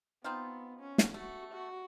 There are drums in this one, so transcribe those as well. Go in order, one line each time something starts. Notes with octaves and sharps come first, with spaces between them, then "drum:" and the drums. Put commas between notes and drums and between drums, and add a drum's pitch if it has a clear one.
B3 C4 D#4 F4
C#4
drum: snare
A3 F#4
F#4